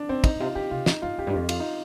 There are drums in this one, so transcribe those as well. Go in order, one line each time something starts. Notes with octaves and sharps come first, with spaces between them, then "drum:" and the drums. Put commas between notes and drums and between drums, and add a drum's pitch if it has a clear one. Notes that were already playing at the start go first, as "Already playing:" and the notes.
Already playing: D4
G2 C4
G#2 D#4, drum: kick, cymbal
A#2
C3 F4
D3 G4
C3 F4
A#2 D#4, drum: snare
G2 F4
F2 G4
G2
F2 F4
F4, drum: cymbal
D#4